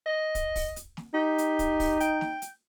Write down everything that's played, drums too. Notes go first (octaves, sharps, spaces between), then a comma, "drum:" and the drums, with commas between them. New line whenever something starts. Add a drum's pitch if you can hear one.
D#5
drum: kick, hi-hat
drum: kick, open hi-hat
drum: hi-hat
drum: snare
D#4 G4
drum: hi-hat
drum: kick, hi-hat
drum: kick, open hi-hat
G5, drum: hi-hat
drum: snare
drum: hi-hat